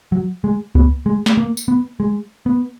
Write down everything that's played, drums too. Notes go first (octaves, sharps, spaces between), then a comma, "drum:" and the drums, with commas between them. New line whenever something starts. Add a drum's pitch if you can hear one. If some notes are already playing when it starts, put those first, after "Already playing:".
F#3
G#3
B3, drum: kick C#2
G#3
drum: snare
A#3
drum: tambourine
B3
G#3
B3